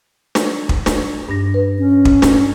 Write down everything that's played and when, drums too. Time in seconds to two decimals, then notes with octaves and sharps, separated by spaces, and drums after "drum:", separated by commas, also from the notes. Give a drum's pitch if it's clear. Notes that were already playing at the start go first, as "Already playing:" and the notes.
0.35 drum: snare
0.69 drum: kick
0.86 drum: snare
1.29 G2 D4 A#6
1.54 B4
1.79 C#4
2.05 drum: kick
2.22 drum: snare